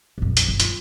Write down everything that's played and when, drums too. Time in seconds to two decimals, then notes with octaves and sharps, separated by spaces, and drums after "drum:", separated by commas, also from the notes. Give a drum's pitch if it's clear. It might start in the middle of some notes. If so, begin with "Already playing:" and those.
0.18 A#1 F2
0.37 drum: hi-hat
0.48 F#1
0.60 F4, drum: hi-hat